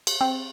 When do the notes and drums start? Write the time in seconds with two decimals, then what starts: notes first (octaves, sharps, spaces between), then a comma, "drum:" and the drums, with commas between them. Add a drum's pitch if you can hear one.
0.07 drum: cymbal
0.21 C4